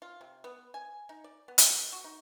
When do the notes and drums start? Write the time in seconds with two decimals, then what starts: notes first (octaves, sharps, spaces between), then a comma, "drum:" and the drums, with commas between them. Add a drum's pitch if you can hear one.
0.02 F4
0.21 C3
0.44 B3
0.74 G#5
1.09 D#4
1.24 D5
1.48 B3
1.58 drum: hi-hat
1.92 F#4
2.04 D#4